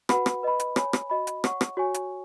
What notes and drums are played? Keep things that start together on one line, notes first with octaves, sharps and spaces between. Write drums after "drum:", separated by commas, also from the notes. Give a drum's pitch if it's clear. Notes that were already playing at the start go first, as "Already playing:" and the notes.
F#4 B4 F#5 B5, drum: rim click
drum: rim click
B4 D#5 B5
drum: hi-hat
C#5 G#5 B5, drum: rim click
drum: rim click
F#4 D#5 B5
drum: hi-hat
C#5 F#5 C#6, drum: rim click
drum: rim click
F#4 C#5 G#5 C#6
drum: hi-hat